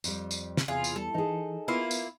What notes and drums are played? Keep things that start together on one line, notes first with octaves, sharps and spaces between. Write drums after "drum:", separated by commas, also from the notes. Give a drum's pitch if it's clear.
F2 G3, drum: tambourine
drum: tambourine
drum: snare
E2 C3 F4 G#4 G#5
drum: tambourine
G3 A4
E3 D#4 G#4
A#3 B3 E4 F4
drum: tambourine